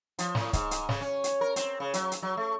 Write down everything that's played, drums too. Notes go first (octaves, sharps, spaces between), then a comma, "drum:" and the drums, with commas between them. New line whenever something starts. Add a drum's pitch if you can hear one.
F3, drum: hi-hat
A2, drum: snare
G#2, drum: kick C#1, hi-hat
drum: hi-hat
C#3, drum: snare
C#4
drum: hi-hat
A#4
C4, drum: hi-hat
C#3
F#3, drum: hi-hat
drum: hi-hat
F#3
A3